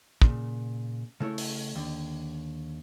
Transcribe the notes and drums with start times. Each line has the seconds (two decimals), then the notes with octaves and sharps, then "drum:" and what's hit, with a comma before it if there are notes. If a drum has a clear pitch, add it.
0.22 A#2 C#3, drum: kick
1.20 C#3 A3 E4 C#5
1.38 drum: open hi-hat
1.76 D#2 D3